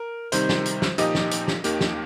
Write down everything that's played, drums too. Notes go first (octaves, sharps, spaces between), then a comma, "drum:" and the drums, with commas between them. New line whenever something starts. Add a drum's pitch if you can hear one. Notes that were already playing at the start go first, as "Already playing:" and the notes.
Already playing: A#4
C3 D#3 G3 D#4 C5, drum: hi-hat
drum: snare
drum: hi-hat
drum: snare
A#2 F3 D#4 G4 D#5, drum: hi-hat
drum: snare
drum: hi-hat
drum: snare
D#2 D#3 A#3 G4, drum: hi-hat
drum: snare